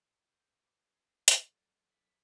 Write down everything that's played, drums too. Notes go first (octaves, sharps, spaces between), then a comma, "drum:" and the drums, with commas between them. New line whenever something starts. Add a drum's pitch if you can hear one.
C5
B4 C5 D6
G#4
drum: hi-hat
F#3 A4 D5 E5
B6